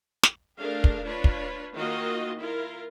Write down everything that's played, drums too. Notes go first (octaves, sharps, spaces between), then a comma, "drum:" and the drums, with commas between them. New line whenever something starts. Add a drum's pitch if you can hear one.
drum: snare
A3 D4 G#4 A#4 F5
drum: kick
D4 F4 B4 C#5
drum: kick
D#3 A#3 F4 F#4 D#5
E4 F4 A#4